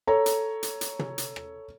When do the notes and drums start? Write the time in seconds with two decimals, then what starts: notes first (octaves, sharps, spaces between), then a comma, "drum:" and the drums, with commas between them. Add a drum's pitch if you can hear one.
0.07 A4 C#5 A#5
0.26 drum: hi-hat
0.63 drum: hi-hat
0.81 drum: hi-hat
0.99 drum: tom
1.18 drum: hi-hat
1.36 drum: rim click